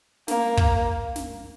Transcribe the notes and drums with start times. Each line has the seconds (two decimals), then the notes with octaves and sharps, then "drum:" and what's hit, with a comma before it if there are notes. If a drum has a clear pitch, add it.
0.28 A#3, drum: snare
0.57 drum: kick
1.16 drum: snare